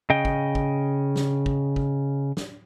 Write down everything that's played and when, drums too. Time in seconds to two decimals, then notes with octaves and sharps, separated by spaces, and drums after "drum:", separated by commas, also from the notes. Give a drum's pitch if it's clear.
0.10 C#3 D#5 G5
0.25 drum: kick
0.55 drum: kick
1.16 drum: snare
1.46 drum: kick
1.76 drum: kick
2.37 drum: snare